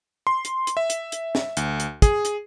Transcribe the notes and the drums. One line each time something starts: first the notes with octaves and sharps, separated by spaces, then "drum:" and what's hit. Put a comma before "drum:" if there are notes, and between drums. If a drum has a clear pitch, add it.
C6
drum: hi-hat
drum: hi-hat
E5
drum: hi-hat
drum: hi-hat
drum: snare
D2, drum: hi-hat
drum: hi-hat
G#4, drum: kick, hi-hat
drum: hi-hat